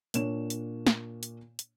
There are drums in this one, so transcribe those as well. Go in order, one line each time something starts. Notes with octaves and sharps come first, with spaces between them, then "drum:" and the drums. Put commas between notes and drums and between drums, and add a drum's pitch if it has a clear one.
A#2 D4 C#5 E7, drum: hi-hat
drum: hi-hat
drum: snare
drum: hi-hat
drum: hi-hat